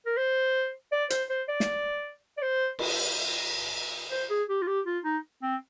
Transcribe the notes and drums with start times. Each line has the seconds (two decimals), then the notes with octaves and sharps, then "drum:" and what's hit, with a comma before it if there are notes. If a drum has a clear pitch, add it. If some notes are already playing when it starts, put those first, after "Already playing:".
0.06 A#4
0.17 C5
0.92 D5
1.10 C5, drum: hi-hat
1.30 C5
1.49 D5
1.60 drum: snare
2.37 D5
2.42 C5
2.79 drum: cymbal
4.11 C5
4.30 G#4
4.49 G4
4.62 F4
4.67 G4
4.86 F4
5.04 D#4
5.42 C4